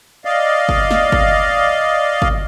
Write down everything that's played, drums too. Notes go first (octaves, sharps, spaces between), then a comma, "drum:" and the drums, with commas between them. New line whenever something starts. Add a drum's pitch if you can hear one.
D5 D#5 F5
drum: kick G1
drum: snare
drum: kick G1
drum: kick G1